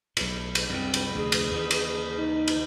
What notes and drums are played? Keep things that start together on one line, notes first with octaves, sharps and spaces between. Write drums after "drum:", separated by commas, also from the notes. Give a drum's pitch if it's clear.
B1 A2, drum: cymbal
drum: cymbal
C2 F#2 C#3 C4
drum: cymbal
F1 D2 G#4
drum: cymbal
D#2 C#3 E3
drum: cymbal
D#4
drum: cymbal